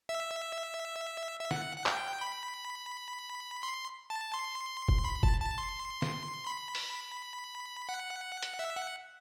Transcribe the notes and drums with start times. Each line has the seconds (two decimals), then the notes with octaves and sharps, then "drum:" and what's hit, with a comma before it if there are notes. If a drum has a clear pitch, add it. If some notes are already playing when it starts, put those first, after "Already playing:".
0.09 E5
1.40 E5
1.51 F#5, drum: snare
1.78 F#5
1.86 G5, drum: clap
2.21 B5
3.63 C6
4.10 A5
4.34 C6
4.88 drum: kick
5.05 B5
5.23 A5, drum: kick
5.40 A5
5.58 C6
6.02 drum: snare
6.47 B5
6.75 drum: open hi-hat
7.89 F#5
8.42 drum: hi-hat
8.59 E5
8.76 F#5